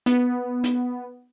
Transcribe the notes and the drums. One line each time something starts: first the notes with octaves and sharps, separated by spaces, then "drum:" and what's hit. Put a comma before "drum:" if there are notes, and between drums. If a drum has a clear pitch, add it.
B3, drum: hi-hat
drum: hi-hat